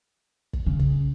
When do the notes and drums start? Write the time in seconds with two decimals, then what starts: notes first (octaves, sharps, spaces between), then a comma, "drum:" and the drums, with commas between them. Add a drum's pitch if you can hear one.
0.53 drum: kick
0.66 C#3
0.79 drum: kick